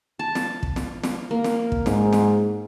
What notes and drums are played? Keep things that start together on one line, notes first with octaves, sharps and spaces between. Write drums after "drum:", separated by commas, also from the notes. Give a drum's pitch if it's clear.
A5
drum: snare
drum: kick
drum: snare
drum: snare
A#3
drum: snare
drum: kick
G#2, drum: snare
drum: snare